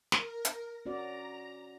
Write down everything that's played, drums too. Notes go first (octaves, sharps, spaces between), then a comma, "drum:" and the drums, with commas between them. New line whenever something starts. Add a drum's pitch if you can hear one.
A#4, drum: snare
drum: hi-hat
C#4 F#4 D5 A#5